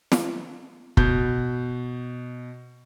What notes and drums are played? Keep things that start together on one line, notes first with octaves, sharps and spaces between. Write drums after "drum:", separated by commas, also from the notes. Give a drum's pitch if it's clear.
drum: snare
B2 G6, drum: kick